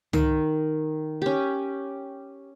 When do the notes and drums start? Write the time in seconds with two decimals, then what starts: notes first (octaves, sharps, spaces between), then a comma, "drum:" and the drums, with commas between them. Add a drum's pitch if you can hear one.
0.13 D#3, drum: tom
1.22 C#4 G4